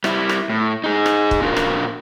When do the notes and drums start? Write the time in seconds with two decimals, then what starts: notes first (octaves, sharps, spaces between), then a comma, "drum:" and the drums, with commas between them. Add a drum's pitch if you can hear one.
0.04 G3 E4, drum: rim click
0.29 drum: rim click
0.50 A2
0.84 D#4 G#4
1.06 drum: rim click
1.31 drum: kick
1.41 A#2 D4 F4 F#4 A#4
1.57 drum: rim click